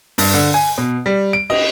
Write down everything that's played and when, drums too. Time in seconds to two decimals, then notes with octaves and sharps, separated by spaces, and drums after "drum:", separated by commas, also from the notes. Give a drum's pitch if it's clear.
0.18 G2, drum: open hi-hat
0.34 D3
0.54 G#5
0.78 B2
1.06 G3
1.33 D7
1.50 D#5, drum: cymbal